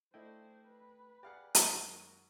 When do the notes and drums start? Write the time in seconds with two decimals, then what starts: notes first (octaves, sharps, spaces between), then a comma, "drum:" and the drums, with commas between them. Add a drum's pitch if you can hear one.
0.14 A3 D4 E4 C5 D#5 G5
0.66 B4
1.23 G4 G#4 D5 F5 F#5
1.55 F#2 D#3 G#3, drum: hi-hat
1.89 A#4